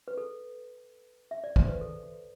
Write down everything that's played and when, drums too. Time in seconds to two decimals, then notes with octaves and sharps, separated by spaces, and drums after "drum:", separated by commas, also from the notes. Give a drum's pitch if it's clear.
0.08 B4
0.17 A4
1.31 E5
1.44 D5
1.56 C5, drum: kick
1.68 B4
1.81 A4